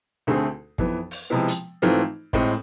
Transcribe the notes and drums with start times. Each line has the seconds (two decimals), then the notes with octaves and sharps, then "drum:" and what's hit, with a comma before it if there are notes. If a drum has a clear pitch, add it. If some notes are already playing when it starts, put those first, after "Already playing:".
0.27 D2 D3 A3 C4 G#4
0.78 F2 E3 B3, drum: kick
1.11 drum: open hi-hat
1.30 C3 F3 G#3 B3 E4
1.48 drum: hi-hat
1.82 G#2 E3 A3 C4 F4
2.33 A2 G#3 C4, drum: kick